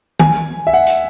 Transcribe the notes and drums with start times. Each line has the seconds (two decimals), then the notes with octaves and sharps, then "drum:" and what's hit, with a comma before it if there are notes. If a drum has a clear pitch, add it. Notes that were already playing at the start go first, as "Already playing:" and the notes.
0.20 G#5, drum: tom D#3
0.67 E5
0.73 F#5
0.87 drum: hi-hat